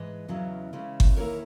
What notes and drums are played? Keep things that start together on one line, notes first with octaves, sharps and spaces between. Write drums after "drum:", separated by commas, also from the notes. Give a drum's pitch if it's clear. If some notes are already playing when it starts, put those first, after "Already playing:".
Already playing: G#2 E3 G#3 B4 D#5
E2 C#3 F#3 C#4 E4
C#3 G#3 C#4 E4
drum: kick G1
E2 D#3 A#3 E4 A#4 C#5